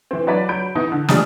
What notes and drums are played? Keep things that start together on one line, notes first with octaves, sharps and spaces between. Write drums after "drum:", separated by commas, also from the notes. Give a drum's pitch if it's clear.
E3 C4
F#3 D4 B4 D5 B6
F#3 B5 G6 D7
E3 B3 D#4
D3
F3 G3 D4 D#5 G#5 D#6, drum: snare